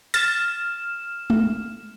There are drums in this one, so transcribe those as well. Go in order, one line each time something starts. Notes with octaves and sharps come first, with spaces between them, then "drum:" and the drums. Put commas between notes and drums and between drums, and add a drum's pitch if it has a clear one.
F6 A6 E7, drum: hi-hat
drum: tom G#3